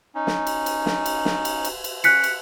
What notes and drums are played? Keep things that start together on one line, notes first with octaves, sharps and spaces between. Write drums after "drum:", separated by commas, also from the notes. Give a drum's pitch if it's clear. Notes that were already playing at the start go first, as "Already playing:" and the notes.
C#4 D#4
drum: snare
drum: cymbal
drum: cymbal
drum: snare
drum: cymbal
drum: snare
drum: cymbal
drum: cymbal
drum: cymbal
C#4 F#6 B6 C#7, drum: cymbal
drum: cymbal